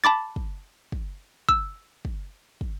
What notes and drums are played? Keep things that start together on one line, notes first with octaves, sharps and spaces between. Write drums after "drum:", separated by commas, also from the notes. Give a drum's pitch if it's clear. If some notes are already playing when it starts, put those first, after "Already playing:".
A5 B5 D6 A6
drum: kick
drum: kick
E6, drum: kick
drum: kick
drum: kick